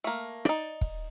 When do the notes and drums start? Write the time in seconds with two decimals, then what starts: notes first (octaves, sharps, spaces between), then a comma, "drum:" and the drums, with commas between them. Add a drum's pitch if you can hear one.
0.04 A3 A#3
0.45 D#4 D5, drum: rim click
0.81 drum: kick